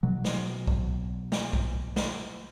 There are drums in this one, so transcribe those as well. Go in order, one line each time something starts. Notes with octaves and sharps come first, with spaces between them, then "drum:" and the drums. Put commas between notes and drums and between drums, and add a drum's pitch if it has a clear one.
B2 F#3
drum: snare
drum: kick B1
drum: snare
drum: kick B1
drum: snare